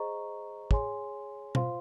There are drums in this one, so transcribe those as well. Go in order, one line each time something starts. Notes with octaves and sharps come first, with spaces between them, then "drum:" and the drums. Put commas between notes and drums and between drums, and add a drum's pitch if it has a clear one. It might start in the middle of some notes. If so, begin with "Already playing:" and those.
Already playing: G#4 C5 D#5 A#5 C#6
G#4 C#5 G#5 C6, drum: kick
F4 C5 F5 C6, drum: tom B2